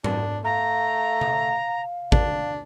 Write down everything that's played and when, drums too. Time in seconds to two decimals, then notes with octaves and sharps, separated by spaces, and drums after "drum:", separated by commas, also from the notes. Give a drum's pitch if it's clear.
0.04 D4, drum: tom G#2
0.44 A3 F5 A#5
1.21 drum: tom C3
2.12 D4, drum: kick